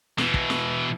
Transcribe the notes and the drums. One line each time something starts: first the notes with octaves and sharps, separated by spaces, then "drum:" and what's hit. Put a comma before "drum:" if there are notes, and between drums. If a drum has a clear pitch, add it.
B2 E3, drum: snare
drum: kick
drum: snare